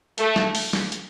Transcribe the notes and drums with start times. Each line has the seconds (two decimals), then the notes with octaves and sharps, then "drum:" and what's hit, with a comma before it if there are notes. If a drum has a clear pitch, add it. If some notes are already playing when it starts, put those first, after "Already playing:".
0.18 A3, drum: hi-hat
0.36 drum: snare
0.55 drum: open hi-hat
0.73 drum: snare
0.92 drum: hi-hat